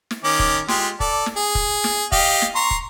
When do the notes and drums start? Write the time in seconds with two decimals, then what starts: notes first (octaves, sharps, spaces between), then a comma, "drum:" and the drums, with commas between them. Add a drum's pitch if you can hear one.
0.11 drum: snare
0.24 D#3 C#4 D6
0.39 drum: kick
0.68 G#3 F4 G4, drum: snare
1.00 A4 D5, drum: kick
1.26 drum: snare
1.36 G#4
1.55 drum: kick
1.84 drum: snare
2.12 G4 D#5 F5, drum: kick
2.42 drum: snare
2.55 A#5 C6 C#6
2.71 drum: kick